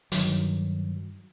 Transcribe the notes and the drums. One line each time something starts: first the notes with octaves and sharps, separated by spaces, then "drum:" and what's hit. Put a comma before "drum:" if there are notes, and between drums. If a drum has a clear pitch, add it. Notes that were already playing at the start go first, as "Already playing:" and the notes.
G2 D#3 F#3, drum: hi-hat